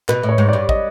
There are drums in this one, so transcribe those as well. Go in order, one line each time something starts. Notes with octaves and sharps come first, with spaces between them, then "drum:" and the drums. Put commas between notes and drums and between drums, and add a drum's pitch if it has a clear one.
B2 B4, drum: clap
A2
C#5
G#2
G2 D5
D#5, drum: kick